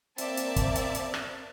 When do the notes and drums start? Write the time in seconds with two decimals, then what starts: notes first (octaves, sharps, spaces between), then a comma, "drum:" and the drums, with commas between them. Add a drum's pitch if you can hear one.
0.18 A#3 C4 D5 E5 A5, drum: hi-hat
0.37 drum: hi-hat
0.56 drum: kick, hi-hat
0.75 drum: hi-hat
0.95 drum: hi-hat
1.14 drum: rim click